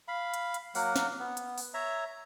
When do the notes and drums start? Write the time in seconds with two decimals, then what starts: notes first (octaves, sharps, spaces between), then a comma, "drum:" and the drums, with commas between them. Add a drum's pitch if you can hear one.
0.08 F5 B5
0.34 drum: hi-hat
0.54 drum: hi-hat
0.75 F#3 A#3 A#4 F#5, drum: open hi-hat
0.96 drum: snare
1.19 B3
1.37 drum: hi-hat
1.58 drum: open hi-hat
1.74 C#5 E5 A#5